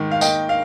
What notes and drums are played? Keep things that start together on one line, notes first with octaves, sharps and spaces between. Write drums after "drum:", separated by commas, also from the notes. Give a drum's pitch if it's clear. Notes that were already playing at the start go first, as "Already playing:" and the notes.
Already playing: G#2 D#3
F5
A#3 D#5 G5, drum: tambourine
F5